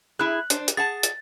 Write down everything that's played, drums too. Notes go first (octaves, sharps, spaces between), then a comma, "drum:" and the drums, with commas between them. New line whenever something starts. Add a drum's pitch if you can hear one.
E4 G#4 F#6
D4 C5, drum: hi-hat
drum: hi-hat
G#4 F#5 A5 A6
drum: hi-hat